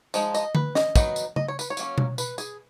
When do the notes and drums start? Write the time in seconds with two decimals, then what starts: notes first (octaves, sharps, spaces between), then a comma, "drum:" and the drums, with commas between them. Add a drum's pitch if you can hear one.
0.14 F3 G#3 D#4, drum: tambourine
0.34 D#5, drum: tambourine
0.55 B4, drum: tom D3
0.75 D#5, drum: snare
0.96 D#3 F#3 B3 D#4, drum: kick, tambourine
1.16 drum: tambourine
1.36 D#5, drum: tom C#3
1.48 C#5
1.59 B4, drum: tambourine
1.70 C#5
1.77 F#3 A#3 C#4, drum: tambourine
1.98 drum: tom B2
2.18 B4, drum: tambourine
2.38 G#4, drum: tambourine